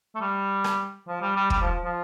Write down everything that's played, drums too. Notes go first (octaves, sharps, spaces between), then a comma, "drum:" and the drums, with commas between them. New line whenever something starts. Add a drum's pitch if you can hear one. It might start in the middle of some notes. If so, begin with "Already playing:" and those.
A3
G3
drum: rim click
F3
G3
G3
G3, drum: kick
F3
F3